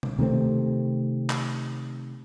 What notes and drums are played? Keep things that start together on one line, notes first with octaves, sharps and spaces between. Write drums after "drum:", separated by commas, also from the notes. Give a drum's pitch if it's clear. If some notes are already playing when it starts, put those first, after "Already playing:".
drum: tom B2
C3 D#3 A3 C4
drum: clap